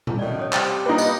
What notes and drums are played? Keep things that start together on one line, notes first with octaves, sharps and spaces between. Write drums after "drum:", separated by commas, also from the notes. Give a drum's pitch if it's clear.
drum: tom B2
F#2 A2 D#3 D5
C#5 D#6
C3 G3 C5 G5, drum: clap
A#2 G3 A#3 D#4 B4
D#5, drum: tambourine